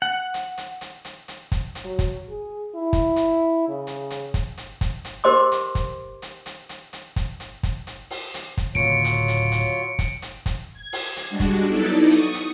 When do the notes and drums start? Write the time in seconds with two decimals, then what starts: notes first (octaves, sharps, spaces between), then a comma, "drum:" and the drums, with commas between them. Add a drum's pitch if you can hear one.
0.02 F#5
0.34 drum: hi-hat
0.57 drum: hi-hat
0.81 drum: hi-hat
1.05 drum: hi-hat
1.28 drum: hi-hat
1.52 drum: kick, hi-hat
1.75 drum: hi-hat
1.85 F#3
1.99 drum: kick, hi-hat
2.29 G#4
2.75 E4
2.93 drum: kick, hi-hat
3.16 drum: hi-hat
3.69 C#3
3.87 drum: hi-hat
4.10 drum: hi-hat
4.34 drum: kick, hi-hat
4.57 drum: hi-hat
4.81 drum: kick, hi-hat
5.05 drum: hi-hat
5.24 G4 A#4 C5 D#5 C6 D6
5.52 drum: hi-hat
5.75 drum: kick, hi-hat
6.22 drum: hi-hat
6.46 drum: hi-hat
6.69 drum: hi-hat
6.93 drum: hi-hat
7.16 drum: kick, hi-hat
7.40 drum: hi-hat
7.63 drum: kick, hi-hat
7.87 drum: hi-hat
8.10 drum: open hi-hat
8.34 drum: hi-hat
8.57 drum: kick, hi-hat
8.75 D1 C#3 F#3 F4 C#5 C#7 D7
9.05 drum: hi-hat
9.28 drum: hi-hat
9.52 drum: hi-hat
9.99 drum: kick, hi-hat
10.22 drum: hi-hat
10.46 drum: kick, hi-hat
10.73 G#6
10.93 drum: open hi-hat
11.16 drum: hi-hat
11.29 G3 G#3 D4 F#4
11.40 drum: kick, hi-hat
11.67 F#3 B3 D#4 E4 A4 D5
12.10 C#6 D#6, drum: hi-hat
12.34 drum: hi-hat